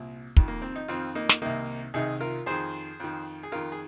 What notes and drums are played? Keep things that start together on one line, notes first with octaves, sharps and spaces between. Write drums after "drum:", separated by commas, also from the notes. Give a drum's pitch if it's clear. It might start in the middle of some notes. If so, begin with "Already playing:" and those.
Already playing: C2 A#2
F2 D#3, drum: kick
A#3
C4
D#4
F2 D#3 C4 F4
A#3 D#4
drum: snare
C2 C3 D#3 A#3 D#4
C2 C3 D#3 D#4 G#4
F4 A#4
F2 D#3 G#4 C5
F2 D#3
G#4
F2 D#3 F4 A#4
G#4